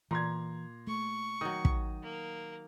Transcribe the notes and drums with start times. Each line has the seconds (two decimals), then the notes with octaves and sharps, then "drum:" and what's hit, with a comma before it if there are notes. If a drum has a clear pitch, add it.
0.11 A#2 E3 A#5 C6 G#6
0.87 A3 C#6
1.41 D#3 F#3 D#6
1.65 drum: kick
2.03 A#3